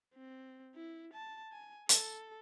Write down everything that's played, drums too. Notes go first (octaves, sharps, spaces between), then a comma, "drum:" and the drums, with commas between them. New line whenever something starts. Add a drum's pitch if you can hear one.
C4
E4
A5
G#5
A4, drum: hi-hat